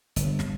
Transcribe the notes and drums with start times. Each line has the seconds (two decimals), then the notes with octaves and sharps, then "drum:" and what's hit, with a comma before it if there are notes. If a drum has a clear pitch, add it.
0.16 G1, drum: hi-hat
0.39 drum: snare